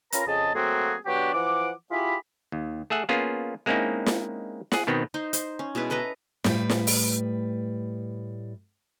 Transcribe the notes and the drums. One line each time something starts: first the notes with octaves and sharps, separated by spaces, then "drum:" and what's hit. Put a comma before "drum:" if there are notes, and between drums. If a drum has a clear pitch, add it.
C#4 F4 A#4 B4 A#5, drum: hi-hat
F2 C#3 G#4 D#5 A5
F#3 A3 A#3 C4 F#4 G#4
F#3 B3 D4 F#4 G4
E3 F3 F#5 D6
E4 F4 G4 G#4 B5
D#2
A3 G#4 E5 F#5
A#3 B3 C#4 F4 G#4
G#3 A#3 C4 C#4 D#4 E4
drum: snare
G#4 F#5, drum: snare
B2 D#3 B3 C4
D#4 C5
C5, drum: hi-hat
C#4
B2 G#3 E4 B4
A4 B4 D#5 A#5
A2 G3 B4, drum: snare
drum: snare
drum: open hi-hat